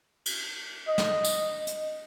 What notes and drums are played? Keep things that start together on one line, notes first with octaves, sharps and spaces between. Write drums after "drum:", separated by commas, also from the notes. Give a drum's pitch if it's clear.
drum: cymbal
D#5
drum: snare
drum: tambourine
drum: hi-hat